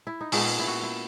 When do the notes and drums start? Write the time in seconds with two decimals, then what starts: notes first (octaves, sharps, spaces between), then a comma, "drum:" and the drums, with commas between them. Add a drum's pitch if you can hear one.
0.07 E4
0.21 D#4
0.32 A#2 G#3 B3 C#4, drum: open hi-hat
0.59 E4
0.67 F#4
0.83 E4